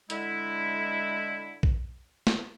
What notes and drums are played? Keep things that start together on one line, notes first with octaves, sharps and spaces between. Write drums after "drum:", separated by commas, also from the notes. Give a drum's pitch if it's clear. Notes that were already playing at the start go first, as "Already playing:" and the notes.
D3 G#3 E4, drum: hi-hat
drum: kick A#1
drum: snare